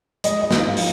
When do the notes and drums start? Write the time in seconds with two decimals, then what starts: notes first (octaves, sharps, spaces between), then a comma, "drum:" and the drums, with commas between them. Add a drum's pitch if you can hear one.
0.24 G#3 D#5, drum: hi-hat
0.41 D#5
0.51 G#2, drum: snare
0.59 F5
0.77 F3, drum: open hi-hat